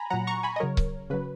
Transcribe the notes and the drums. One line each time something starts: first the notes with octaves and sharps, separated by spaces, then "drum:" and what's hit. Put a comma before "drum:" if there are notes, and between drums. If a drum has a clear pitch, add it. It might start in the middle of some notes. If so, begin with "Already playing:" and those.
Already playing: G#5 A#5 B5
A#2 F#3 F#5 A#5
A#5 C#6
G#5 B5
D#5
C#3 F#3 A#4 C#5
drum: kick C#1
C#3 F#3 B4